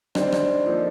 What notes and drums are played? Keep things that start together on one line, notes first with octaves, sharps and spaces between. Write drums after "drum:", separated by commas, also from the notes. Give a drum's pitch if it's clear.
G3 C4 D4 D#4 G4 C5, drum: rim click
drum: rim click
F3 A#3 D#4 A4 C5